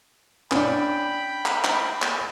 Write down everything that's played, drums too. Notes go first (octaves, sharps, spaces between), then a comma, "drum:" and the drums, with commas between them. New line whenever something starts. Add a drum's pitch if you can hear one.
C#4 D4 G5 B5, drum: clap
drum: clap
drum: clap
drum: clap